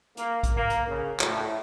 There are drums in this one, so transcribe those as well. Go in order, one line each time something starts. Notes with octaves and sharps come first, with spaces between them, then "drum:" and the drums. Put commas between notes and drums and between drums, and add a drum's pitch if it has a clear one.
A#3, drum: hi-hat
drum: kick, hi-hat
A#3
drum: hi-hat
C#3
A2, drum: clap